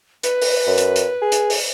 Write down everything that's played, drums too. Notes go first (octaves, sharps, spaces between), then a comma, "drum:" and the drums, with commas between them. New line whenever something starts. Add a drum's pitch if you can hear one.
B4, drum: hi-hat
drum: open hi-hat
F#2
drum: hi-hat
drum: hi-hat
G#4
drum: hi-hat
drum: open hi-hat